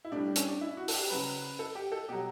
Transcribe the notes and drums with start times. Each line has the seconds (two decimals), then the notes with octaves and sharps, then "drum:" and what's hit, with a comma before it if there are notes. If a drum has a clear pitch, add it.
0.05 E4
0.11 A2 G3 D4
0.36 C#4, drum: hi-hat
0.48 D4
0.61 E4
0.77 F#4
0.88 A4, drum: open hi-hat
0.93 G4
1.10 C#3 F#3 B4
1.59 A4
1.75 G4
1.92 A4
2.08 B2 F#3 G4